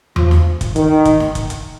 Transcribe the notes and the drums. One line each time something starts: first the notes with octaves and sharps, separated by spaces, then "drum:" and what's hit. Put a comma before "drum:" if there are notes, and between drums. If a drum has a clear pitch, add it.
F3, drum: tom E2
drum: snare
drum: kick, hi-hat
D#3, drum: hi-hat
drum: kick, hi-hat
drum: snare
drum: kick, hi-hat
drum: hi-hat